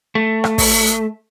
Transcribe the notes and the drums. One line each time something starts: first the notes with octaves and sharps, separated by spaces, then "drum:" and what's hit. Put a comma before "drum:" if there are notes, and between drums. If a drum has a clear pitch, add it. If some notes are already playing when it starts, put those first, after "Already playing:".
A3
drum: rim click
drum: kick, open hi-hat
drum: hi-hat